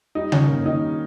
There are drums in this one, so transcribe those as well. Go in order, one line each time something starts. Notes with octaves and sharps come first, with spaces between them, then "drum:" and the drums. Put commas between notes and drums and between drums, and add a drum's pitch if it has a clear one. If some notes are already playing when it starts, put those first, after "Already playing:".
G3 D#4
D#3 C#4, drum: tom C#3
A#3
D#3 D#4
G3